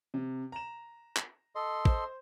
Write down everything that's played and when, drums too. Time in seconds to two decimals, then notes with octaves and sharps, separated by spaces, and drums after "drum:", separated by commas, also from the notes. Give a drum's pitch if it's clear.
0.14 C3
0.52 A#5 E7
1.17 drum: clap
1.55 A4 D#5 C6
1.85 C5, drum: kick